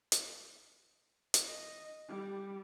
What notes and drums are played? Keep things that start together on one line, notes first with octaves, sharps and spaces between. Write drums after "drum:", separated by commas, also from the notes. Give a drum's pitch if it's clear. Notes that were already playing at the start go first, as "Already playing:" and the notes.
drum: hi-hat
drum: hi-hat
D#5
G3